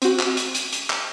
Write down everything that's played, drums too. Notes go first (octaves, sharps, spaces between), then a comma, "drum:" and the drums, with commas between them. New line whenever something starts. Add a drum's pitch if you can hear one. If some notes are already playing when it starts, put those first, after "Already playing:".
C4 F#4, drum: hi-hat
drum: clap
drum: hi-hat
drum: hi-hat
drum: hi-hat
drum: clap